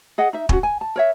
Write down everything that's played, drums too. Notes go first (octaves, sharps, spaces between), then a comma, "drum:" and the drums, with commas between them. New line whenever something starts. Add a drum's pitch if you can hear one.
G#4 D#5 F#5
D#4 E5
C#4 F4 F#4, drum: kick
G#5
A5
A#4 C#5 E5